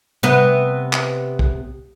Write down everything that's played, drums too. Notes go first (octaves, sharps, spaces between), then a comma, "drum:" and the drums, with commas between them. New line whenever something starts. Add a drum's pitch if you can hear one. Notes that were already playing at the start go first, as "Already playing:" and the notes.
C3 B3 B4
drum: clap
drum: kick